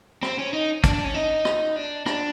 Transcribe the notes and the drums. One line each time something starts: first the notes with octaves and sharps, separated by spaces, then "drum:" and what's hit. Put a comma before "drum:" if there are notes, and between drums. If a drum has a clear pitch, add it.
C4, drum: rim click
C#4
D#4
D4, drum: kick, hi-hat
D4
C#4
D#4
drum: rim click
D4
D4, drum: rim click